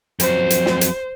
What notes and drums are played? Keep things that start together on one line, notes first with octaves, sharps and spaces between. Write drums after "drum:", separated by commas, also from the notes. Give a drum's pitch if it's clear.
F2 F#3 C5, drum: hi-hat
drum: hi-hat
drum: snare
drum: hi-hat